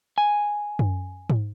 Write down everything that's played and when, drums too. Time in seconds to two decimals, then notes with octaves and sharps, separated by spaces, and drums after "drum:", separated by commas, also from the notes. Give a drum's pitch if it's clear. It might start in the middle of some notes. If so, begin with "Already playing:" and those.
0.18 G#5
0.79 drum: tom F#2
1.30 drum: tom G#2